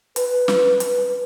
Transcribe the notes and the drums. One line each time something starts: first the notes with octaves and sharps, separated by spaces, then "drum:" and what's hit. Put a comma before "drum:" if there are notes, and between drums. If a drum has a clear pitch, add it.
B4, drum: hi-hat
drum: snare
drum: hi-hat